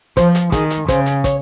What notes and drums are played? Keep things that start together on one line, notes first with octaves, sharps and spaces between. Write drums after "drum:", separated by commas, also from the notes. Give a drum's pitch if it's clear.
F3 C5, drum: kick, hi-hat
drum: hi-hat
D#3 G#4, drum: kick, hi-hat
drum: hi-hat
C#3 C5, drum: kick, hi-hat
drum: hi-hat
C#5, drum: kick, hi-hat